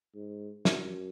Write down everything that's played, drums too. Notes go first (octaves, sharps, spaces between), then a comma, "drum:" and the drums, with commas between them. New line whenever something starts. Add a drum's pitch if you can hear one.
G#2
F#2, drum: snare